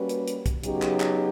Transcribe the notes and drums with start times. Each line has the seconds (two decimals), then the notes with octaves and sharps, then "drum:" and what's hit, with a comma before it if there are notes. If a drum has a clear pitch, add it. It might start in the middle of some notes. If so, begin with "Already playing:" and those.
Already playing: G3 A#3 C#4 F#4 B4
0.09 drum: hi-hat
0.28 drum: hi-hat
0.46 drum: kick, hi-hat
0.63 C#3 F#3 B3 D#4 G4, drum: hi-hat
0.82 drum: clap
1.00 drum: clap